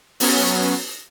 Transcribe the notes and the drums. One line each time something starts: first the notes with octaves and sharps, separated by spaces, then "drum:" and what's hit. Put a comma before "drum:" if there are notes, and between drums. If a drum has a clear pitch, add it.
F#3 B3 C#4, drum: open hi-hat